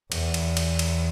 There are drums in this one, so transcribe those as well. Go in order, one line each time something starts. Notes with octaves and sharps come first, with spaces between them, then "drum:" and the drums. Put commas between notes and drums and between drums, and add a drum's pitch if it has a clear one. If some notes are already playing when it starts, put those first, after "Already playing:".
E2, drum: cymbal
drum: cymbal
drum: cymbal
drum: cymbal